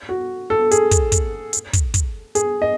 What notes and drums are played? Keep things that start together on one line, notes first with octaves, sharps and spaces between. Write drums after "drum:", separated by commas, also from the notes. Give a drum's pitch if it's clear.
F#4
A4
G#4, drum: hi-hat
drum: kick, hi-hat
drum: kick, hi-hat
drum: hi-hat
drum: kick, hi-hat
drum: kick, hi-hat
G#4, drum: hi-hat
D#5